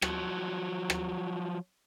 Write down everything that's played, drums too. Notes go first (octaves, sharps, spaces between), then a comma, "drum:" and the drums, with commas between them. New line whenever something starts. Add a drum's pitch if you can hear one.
F3 F#3, drum: rim click
drum: rim click